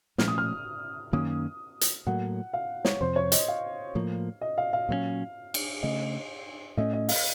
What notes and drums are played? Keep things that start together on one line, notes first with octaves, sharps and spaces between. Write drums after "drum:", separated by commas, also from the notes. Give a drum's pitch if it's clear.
A#2 F3 A3 C#4 F6, drum: snare
D#6
F6
F#2 D#3 A#3 C#4 D#6
drum: hi-hat
A2 F#3 A#3 F#5
F5
C#5, drum: snare
F2 C3 F3 C5
C#5
D#5, drum: hi-hat
F5
A2 F3 A#3
D#5
F5
F5
A#2 F#3 A#3 C#4
drum: cymbal
C#3 A3 C#4 D#5
A2 A3 C#4 D#5
D#5
F5, drum: open hi-hat